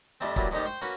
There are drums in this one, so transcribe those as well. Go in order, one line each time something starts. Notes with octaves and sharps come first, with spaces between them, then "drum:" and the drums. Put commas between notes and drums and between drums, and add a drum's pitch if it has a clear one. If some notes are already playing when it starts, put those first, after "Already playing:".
F2 G3 A3 C4
A#2 E3 F#3 G3, drum: kick
F2 A#2 F3 D#4 G4
C5 G5 C6 C#6
A#3 C#4 F#4 B4